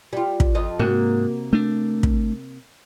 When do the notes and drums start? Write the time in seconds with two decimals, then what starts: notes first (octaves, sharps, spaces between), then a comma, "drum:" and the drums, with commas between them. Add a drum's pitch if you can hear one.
0.13 G3 F4
0.40 drum: kick
0.55 F2 F4 D#5
0.79 G#2 C3 A#3 F#4
1.53 A3 D4
2.03 drum: kick